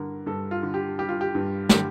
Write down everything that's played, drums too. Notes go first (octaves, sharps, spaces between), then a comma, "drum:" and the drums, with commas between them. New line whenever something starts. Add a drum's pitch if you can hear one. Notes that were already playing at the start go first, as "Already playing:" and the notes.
Already playing: G2 D3 A#4
G2 A4
F4
D3
G4
G3 G4
F4
G4
G2
D3 G4, drum: snare